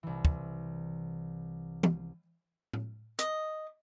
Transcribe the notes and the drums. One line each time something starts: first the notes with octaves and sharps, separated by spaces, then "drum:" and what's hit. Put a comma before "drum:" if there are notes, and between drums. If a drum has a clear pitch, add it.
C2 E3
drum: kick
drum: tom
drum: tom A2
D#5, drum: hi-hat